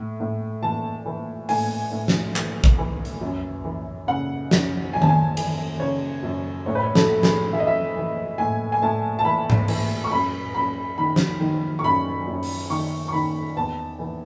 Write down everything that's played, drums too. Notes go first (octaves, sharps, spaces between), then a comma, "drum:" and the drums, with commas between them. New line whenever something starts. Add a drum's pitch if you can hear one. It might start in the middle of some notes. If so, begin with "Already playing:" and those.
Already playing: A2
A2
E3 A5
E3
A2 G#5, drum: open hi-hat
A2
drum: snare
E3, drum: clap
drum: kick
E3
drum: hi-hat
F#2
E3
C#3 F#5
F#2, drum: snare
F#2 G#5
A5, drum: tom D#3
G#5
E3, drum: cymbal
C#3 C#5
F#2
A2 C#5
B4
C#5
A4, drum: snare
A2
G#4, drum: snare
E3 E5
D#5
E5
E3
A2 G#5
G#5
A2 A5
A5
E3 B5
drum: tom G#2
E3, drum: cymbal
C#6
F#2 B5
F#2 B5
D#3 B5
drum: snare
D#3
C#6
F#2 B5
F#2
drum: open hi-hat
D#3 C#6
C#6
D#3 B5
E2 A5
E3